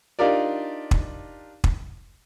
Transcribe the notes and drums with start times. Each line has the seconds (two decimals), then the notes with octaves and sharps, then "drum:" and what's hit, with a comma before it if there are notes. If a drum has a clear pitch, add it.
0.19 D4 D#4 F4 G4 A#4 D5
0.91 drum: kick
1.64 drum: kick